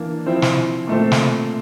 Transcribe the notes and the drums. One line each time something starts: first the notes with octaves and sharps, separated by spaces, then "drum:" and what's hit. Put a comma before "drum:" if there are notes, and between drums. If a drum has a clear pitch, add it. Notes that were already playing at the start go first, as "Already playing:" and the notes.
Already playing: E3 A#3 D4
F3 C4 E4
drum: snare
A#2 A3 C4
drum: snare